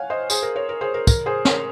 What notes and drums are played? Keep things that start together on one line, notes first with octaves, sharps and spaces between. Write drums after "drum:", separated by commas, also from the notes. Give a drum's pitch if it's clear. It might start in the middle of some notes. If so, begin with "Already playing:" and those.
Already playing: C#5 F5 F#5 G#5
C5 D#5
G#4 C5, drum: tambourine
A#4
A#4 C#5
A#4
G#4 C5
A#4
A#4, drum: kick, tambourine
G#4 C5
A#4 C#5, drum: snare